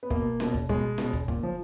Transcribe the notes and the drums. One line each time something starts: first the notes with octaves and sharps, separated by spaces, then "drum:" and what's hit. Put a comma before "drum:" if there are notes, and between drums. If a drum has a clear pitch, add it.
B3
B2 A#3, drum: kick
B2, drum: snare C#4
drum: kick
B2 G#3, drum: kick
B2, drum: snare C#4
drum: kick
A#2, drum: kick
F3